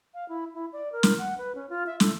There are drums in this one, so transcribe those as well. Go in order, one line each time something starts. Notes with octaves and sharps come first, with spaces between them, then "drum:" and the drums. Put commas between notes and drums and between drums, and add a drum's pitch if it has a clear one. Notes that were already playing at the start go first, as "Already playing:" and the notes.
F5
E4
E4
D5
A#4
drum: snare
F#5
B4
C#4
F4
E5
A4, drum: snare